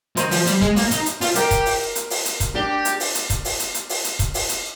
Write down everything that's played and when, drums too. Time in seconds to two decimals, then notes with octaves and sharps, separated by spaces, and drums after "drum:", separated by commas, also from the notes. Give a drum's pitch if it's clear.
0.17 D#3 C5, drum: hi-hat
0.31 F3, drum: open hi-hat
0.47 G3, drum: hi-hat
0.61 G#3, drum: kick E1
0.76 A#3, drum: open hi-hat
0.91 D#4, drum: hi-hat
1.06 drum: hi-hat
1.21 F4, drum: open hi-hat
1.35 G4 A#4, drum: hi-hat
1.51 drum: kick E1, hi-hat
1.66 drum: open hi-hat
1.95 drum: hi-hat
2.10 drum: open hi-hat
2.25 drum: hi-hat
2.40 drum: kick E1, hi-hat
2.55 D4 G4
2.85 drum: hi-hat
3.00 drum: open hi-hat
3.15 drum: hi-hat
3.30 drum: kick E1, hi-hat
3.45 drum: open hi-hat
3.60 drum: hi-hat
3.74 drum: hi-hat
3.89 drum: open hi-hat
4.04 drum: hi-hat
4.19 drum: kick E1, hi-hat
4.34 drum: open hi-hat
4.49 drum: hi-hat